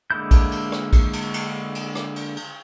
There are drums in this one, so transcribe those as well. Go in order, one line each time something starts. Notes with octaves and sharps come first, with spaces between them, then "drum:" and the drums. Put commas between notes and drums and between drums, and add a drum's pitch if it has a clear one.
D3 G#3 A#3 E4 G6
drum: kick, cymbal
drum: cymbal
drum: rim click
drum: kick, cymbal
drum: cymbal
drum: cymbal
drum: cymbal
drum: rim click
drum: cymbal
drum: cymbal